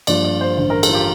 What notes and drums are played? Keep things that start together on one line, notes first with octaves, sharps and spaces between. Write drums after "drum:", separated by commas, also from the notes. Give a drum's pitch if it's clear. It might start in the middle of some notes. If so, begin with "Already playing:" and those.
G2 F3 A#3 D5, drum: cymbal
D5
C5
A1 G2 D3 C5
A#4
A4, drum: cymbal
F4
G4